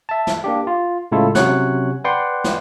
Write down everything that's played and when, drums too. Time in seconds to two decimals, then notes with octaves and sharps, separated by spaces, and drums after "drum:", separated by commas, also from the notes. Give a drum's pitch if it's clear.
0.09 E5 A5
0.27 drum: snare
0.44 A#3 D4 G4
0.67 F4
1.12 A2 C#3 G#3 E4 F4 A4
1.35 C3 F#3 C#4 C#5 F#5 F#6, drum: snare
2.04 B4 D5 F#5 G5 C6
2.44 drum: snare